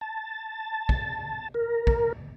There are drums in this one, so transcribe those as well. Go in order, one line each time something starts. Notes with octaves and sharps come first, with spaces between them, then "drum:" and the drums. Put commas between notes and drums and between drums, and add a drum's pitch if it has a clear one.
A5
drum: kick
A#4
drum: kick